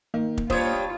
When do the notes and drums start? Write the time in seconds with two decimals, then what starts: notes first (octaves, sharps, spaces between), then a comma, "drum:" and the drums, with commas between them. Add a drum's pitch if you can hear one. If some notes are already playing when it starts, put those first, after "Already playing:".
0.14 D#3 A#3
0.37 drum: kick
0.50 G2 F4 C5 C#5 D#6, drum: kick